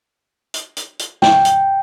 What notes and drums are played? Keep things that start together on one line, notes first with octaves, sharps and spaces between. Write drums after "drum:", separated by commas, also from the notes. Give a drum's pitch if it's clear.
drum: hi-hat
drum: hi-hat
drum: hi-hat
G5, drum: snare
drum: hi-hat